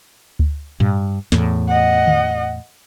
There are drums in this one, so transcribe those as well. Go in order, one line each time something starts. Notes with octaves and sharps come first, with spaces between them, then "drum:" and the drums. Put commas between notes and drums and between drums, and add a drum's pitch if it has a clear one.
drum: kick D2
G2, drum: tom A2
E2 A2, drum: snare
D#5 F#5
drum: tom D3